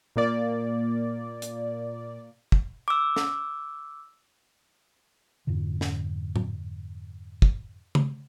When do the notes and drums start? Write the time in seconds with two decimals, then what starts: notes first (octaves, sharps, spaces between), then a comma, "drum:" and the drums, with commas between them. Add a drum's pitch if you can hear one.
0.16 A#2 A#3 D5
1.42 drum: hi-hat
2.52 drum: kick
2.88 D6 E6
3.16 drum: snare
5.47 F2 G#2 D3
5.81 drum: snare
6.36 drum: tom A2
7.42 drum: kick
7.95 drum: tom C#3